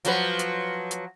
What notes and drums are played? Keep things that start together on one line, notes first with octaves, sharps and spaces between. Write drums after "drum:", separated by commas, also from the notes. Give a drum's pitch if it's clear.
F3 F#3 B4, drum: hi-hat
drum: hi-hat
drum: hi-hat